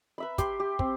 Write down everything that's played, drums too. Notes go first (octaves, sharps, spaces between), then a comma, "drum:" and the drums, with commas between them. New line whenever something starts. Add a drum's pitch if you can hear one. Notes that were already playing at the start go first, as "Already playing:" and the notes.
B4 E5 B5
G4 C6, drum: kick, hi-hat
G4
C4, drum: kick